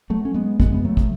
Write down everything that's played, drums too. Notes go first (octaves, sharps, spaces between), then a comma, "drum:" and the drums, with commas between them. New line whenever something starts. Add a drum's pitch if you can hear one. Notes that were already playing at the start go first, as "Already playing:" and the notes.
F#3 A3
C#4
G#3 B3
F#2 D3 G#3 B3, drum: kick
B3
F#3 A3
drum: kick